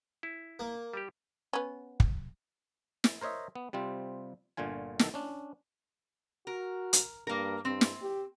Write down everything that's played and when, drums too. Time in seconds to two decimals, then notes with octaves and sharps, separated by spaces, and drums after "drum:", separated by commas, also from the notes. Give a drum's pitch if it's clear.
0.23 E4
0.59 A#3
0.94 G3 G4
1.53 B3 C#4
2.00 drum: kick
3.04 drum: snare
3.21 A#4 C5 C#5 D#5 E5
3.56 B3
3.73 C3 G3 C4 F4
4.57 G1 A#2 D3 F4 G#5
4.99 B1 D#3 A4, drum: snare
5.14 C#4 D4
6.47 F#4 A#4
6.93 drum: hi-hat
7.27 G2 A#3 A#4
7.65 G2 C4
7.81 drum: snare
8.02 G4